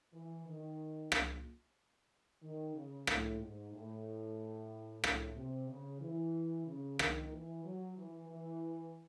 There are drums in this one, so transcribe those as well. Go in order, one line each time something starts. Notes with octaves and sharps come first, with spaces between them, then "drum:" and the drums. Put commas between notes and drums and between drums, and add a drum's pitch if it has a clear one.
E3
D#3
drum: rim click
D#3
C#3
A2, drum: rim click
G#2
A2
A2, drum: rim click
C3
C#3
E3
C#3
D#3, drum: rim click
E3
F#3
E3
E3